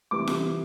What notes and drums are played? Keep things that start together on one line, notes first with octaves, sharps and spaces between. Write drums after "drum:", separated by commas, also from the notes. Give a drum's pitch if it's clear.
C3 E3 G3 D6
drum: snare F4